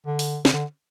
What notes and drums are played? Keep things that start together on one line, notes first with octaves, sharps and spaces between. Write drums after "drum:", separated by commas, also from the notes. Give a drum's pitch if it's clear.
D3
drum: open hi-hat
C#3, drum: snare
D3